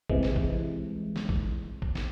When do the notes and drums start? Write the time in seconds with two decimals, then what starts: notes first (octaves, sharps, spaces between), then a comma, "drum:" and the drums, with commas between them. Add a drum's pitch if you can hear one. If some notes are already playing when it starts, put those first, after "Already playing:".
0.10 C2 C3 E3 G#3, drum: kick
0.23 drum: snare
0.36 drum: kick
1.16 drum: snare
1.29 drum: kick
1.82 drum: kick
1.95 drum: snare